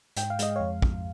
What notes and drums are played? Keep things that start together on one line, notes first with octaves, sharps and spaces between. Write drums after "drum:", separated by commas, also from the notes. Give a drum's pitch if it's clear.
G#2 G5, drum: hi-hat
F5
G#3 D#5, drum: hi-hat
F2 C#5 F5
F2, drum: kick